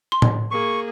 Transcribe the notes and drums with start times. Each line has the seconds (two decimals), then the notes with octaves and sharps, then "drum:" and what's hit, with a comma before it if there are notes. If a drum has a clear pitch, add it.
0.12 C6
0.22 drum: tom A2
0.51 A#3 G#4 C#6